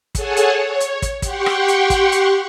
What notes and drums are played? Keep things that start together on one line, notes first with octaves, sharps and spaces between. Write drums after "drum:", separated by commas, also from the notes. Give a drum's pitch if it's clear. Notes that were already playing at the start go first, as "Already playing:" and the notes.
G#4 A4 C#5 F#5 G#5 A5, drum: kick, hi-hat
drum: hi-hat
C#5
drum: hi-hat
drum: kick, hi-hat
G4 F#5 G5 C6 C#6, drum: kick, hi-hat
drum: rim click
drum: hi-hat
drum: kick, hi-hat
drum: hi-hat